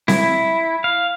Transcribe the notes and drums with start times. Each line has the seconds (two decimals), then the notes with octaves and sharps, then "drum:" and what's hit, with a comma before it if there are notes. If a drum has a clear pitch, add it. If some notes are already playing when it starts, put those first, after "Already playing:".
0.08 E4, drum: snare C4
0.84 F5